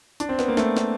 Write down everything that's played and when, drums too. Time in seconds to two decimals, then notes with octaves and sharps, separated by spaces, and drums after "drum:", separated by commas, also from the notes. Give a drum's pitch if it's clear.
0.20 D4, drum: hi-hat
0.29 C4
0.39 B3, drum: snare
0.48 A#3
0.57 A3, drum: snare
0.77 drum: snare